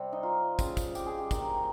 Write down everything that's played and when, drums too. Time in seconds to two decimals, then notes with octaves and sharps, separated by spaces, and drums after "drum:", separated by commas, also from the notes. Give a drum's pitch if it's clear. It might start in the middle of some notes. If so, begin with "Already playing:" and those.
Already playing: C3 G3 C4
0.12 D#4
0.23 F4
0.59 C#3 F3 C4, drum: kick, tambourine
0.77 drum: kick, tambourine
0.95 G4, drum: tambourine
1.06 G#4
1.18 G4
1.31 D#3 A#3 D#4, drum: kick, tambourine